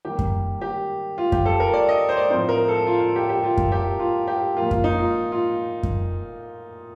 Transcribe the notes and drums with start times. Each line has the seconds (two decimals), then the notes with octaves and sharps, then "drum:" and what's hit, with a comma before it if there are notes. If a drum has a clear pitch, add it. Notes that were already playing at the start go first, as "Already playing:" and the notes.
0.05 D#3 G3 A#3 G4
0.19 drum: kick F#2
0.62 G4
1.18 F4
1.32 G4, drum: kick F#2
1.45 A4
1.60 A#4
1.73 D5
1.89 D#5
2.09 C5
2.17 D5
2.30 A2 F3 C4 D#4 C5
2.49 A#4
2.68 A4
2.87 F4
3.00 F4
3.16 G4
3.29 G4
3.44 F4
3.57 drum: kick F#2
3.72 G4
3.99 F4
4.28 G4
4.56 A#2 F3 A#3 F4
4.71 F4, drum: kick F#2
4.84 D#4
4.98 F4
5.32 F4
5.83 drum: kick F#2